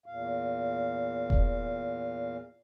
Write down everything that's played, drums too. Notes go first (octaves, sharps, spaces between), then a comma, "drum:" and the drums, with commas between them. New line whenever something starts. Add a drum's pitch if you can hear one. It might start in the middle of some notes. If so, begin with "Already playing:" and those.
E2 A#2 F5
drum: kick E1